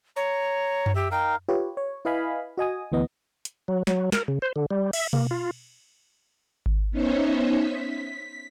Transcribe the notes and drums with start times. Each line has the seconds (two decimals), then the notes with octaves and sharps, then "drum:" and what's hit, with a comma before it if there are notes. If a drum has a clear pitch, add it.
0.16 C#5 A#5
0.86 drum: tom F#2
0.95 G4 E5
1.12 D#4 A#4 F5 G5
1.49 F4 G4 B4 C#5
1.77 C#5
2.05 E4 B4 D#5 F5 G#5 B5
2.58 F#4 D#5 G#5 D#6
2.92 D2 E3 B3 D#5
3.45 drum: hi-hat
3.68 F#3
3.87 F#3, drum: snare
4.12 A#4, drum: snare
4.28 C#3
4.42 C5
4.56 D3
4.71 G3
4.93 E5, drum: cymbal
5.13 A#3, drum: tom B2
5.31 F4
6.66 drum: kick G#1
6.91 B3 C#4 D#4 C5 C#5 E5
7.54 B6